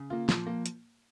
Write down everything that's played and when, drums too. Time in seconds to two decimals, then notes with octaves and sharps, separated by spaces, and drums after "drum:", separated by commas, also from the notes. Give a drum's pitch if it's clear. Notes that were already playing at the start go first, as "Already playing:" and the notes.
Already playing: C#3
0.10 A#3 F4
0.29 A#2 F3, drum: snare
0.47 A#3
0.66 drum: hi-hat